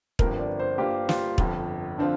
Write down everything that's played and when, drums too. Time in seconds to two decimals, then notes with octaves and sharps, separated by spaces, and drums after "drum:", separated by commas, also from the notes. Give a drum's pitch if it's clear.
0.19 G1 G2 F3 C4 A#4, drum: kick
0.39 D5
0.59 C5
0.78 G2 G3 A#3 F4 G4
1.09 F4, drum: snare
1.38 G1 F2 F3, drum: kick
1.98 D3 F3 C4 D4 F4